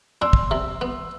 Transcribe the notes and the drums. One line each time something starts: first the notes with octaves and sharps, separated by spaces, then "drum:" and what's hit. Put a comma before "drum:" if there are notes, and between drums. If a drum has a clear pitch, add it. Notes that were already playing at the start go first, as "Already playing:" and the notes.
D4 C6 E6
drum: kick
C3
B3